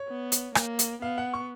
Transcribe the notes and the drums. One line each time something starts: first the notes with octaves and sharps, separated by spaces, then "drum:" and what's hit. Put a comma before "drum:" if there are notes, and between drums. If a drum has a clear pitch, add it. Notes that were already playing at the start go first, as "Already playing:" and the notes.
Already playing: C#5
B3
drum: hi-hat
A#3, drum: rim click
drum: hi-hat
B3 F5
F#5
C#6